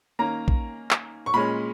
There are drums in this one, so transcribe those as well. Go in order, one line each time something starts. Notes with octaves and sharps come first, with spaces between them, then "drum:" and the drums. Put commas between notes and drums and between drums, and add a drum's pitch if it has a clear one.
D#3 A#3 C#4 A#5
drum: kick
drum: clap
C#6
A#2 G#3 C#4 B5